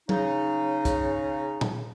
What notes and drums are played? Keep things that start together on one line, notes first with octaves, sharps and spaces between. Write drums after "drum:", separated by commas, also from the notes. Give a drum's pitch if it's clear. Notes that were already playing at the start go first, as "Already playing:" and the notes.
C#3 D#4, drum: tom F#3
drum: kick, hi-hat
drum: tom A#2